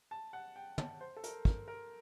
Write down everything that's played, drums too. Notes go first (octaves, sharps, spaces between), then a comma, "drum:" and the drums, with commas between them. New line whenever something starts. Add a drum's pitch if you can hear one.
A5
F#5
G5
A5, drum: tom
C5
A4
A#4, drum: hi-hat
A#4, drum: kick
A#4